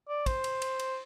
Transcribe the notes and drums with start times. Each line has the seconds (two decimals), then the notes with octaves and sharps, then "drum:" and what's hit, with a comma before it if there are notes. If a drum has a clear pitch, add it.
0.09 D5
0.26 C5, drum: kick, cymbal
0.44 drum: cymbal
0.62 drum: cymbal
0.79 drum: cymbal